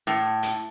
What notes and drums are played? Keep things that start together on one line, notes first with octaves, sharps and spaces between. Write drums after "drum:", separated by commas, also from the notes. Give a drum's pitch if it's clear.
A2
drum: hi-hat